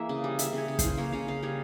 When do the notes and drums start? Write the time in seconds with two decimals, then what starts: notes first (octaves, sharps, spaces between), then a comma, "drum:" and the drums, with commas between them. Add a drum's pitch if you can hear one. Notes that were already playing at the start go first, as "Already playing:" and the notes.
Already playing: E3 G#3 A#3 E5
0.09 C#3
0.24 G3
0.39 G3 E5, drum: hi-hat
0.53 C#3 C#5
0.68 C#3
0.79 E3 C5, drum: kick, hi-hat
0.98 A#3 C#5
1.12 C#3 F5
1.28 C#3 F5
1.43 G3 C#5